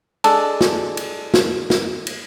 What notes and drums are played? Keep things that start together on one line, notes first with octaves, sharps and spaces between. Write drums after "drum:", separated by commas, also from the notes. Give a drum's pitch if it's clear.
G#3 D4 A4 A5, drum: cymbal
drum: snare
drum: cymbal
drum: snare
drum: snare
drum: cymbal